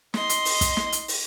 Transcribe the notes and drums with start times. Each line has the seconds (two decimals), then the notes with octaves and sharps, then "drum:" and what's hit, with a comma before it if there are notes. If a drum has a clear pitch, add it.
0.14 D#5 C6, drum: snare
0.29 drum: hi-hat
0.45 drum: open hi-hat
0.61 drum: kick, hi-hat
0.77 drum: snare
0.92 drum: hi-hat
1.08 drum: open hi-hat